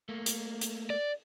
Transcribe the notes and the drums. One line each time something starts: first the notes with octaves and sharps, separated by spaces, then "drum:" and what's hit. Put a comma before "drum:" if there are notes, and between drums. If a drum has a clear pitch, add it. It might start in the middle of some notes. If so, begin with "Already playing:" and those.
A3 A#3
drum: hi-hat
drum: hi-hat
D5